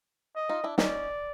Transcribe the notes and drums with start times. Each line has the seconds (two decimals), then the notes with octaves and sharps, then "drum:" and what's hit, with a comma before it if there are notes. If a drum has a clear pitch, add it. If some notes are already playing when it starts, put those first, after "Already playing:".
0.36 D#5
0.49 D#4 F4
0.64 D4 E4
0.78 C#4 D#4 D5, drum: snare